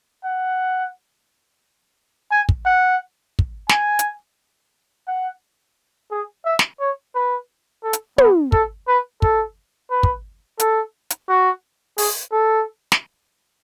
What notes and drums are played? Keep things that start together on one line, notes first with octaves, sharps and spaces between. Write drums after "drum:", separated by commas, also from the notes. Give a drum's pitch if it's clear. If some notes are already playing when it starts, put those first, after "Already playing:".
F#5
G#5
drum: kick
F#5
drum: kick
G#5, drum: snare
drum: hi-hat
F#5
G#4
E5
drum: snare
C#5
B4
A4
drum: hi-hat
B3, drum: tom
A4, drum: kick
B4
A4, drum: kick
B4
drum: kick
A4, drum: hi-hat
drum: hi-hat
F#4
G#4, drum: open hi-hat
A4
drum: snare